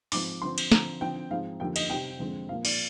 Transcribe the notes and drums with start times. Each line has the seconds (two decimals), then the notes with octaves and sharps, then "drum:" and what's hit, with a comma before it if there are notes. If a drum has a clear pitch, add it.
0.12 G#2 F3 C4 D6, drum: open hi-hat
0.41 D3 F3 C4 C6
0.58 drum: cymbal
0.72 D3 F3 C4 A#5, drum: snare
1.01 D3 F3 C4 G5
1.31 G#2 F3 G#3 C4 F5
1.60 F2 D3 G3 A#3 G5
1.76 D#5, drum: cymbal
1.90 C3 G3 C4 G5
2.19 F2 D3 G#3 C4
2.49 A#2 F3 A#3 F5
2.65 D5, drum: cymbal